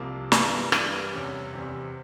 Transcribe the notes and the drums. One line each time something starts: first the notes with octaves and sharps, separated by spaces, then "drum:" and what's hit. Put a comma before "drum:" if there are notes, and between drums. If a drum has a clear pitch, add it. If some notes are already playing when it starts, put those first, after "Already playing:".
Already playing: C2 C3 F3 A#3
G2 E3 G3 A#3 E4, drum: snare
G2 E3 G3 A#3, drum: rim click
E2 C3 G3 C#4
E2 C3 G3 C4